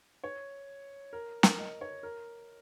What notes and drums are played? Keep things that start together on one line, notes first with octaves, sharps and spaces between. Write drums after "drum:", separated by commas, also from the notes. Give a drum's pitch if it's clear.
C#5
A#4
A#4, drum: snare
D#5
C#5
A#4